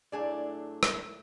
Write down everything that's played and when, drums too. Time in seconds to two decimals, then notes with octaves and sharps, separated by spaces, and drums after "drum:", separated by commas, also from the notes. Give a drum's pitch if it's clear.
0.12 A2 F#3 D4 G#4 D5
0.83 drum: rim click